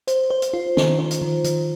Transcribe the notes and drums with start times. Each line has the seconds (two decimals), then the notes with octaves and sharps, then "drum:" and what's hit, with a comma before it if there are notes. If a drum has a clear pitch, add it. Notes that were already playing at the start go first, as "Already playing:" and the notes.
0.07 C5, drum: hi-hat
0.30 C5
0.42 drum: hi-hat
0.54 F4
0.77 D#3, drum: snare C#4
0.99 C5
1.11 drum: hi-hat
1.22 D#3
1.44 D#3, drum: hi-hat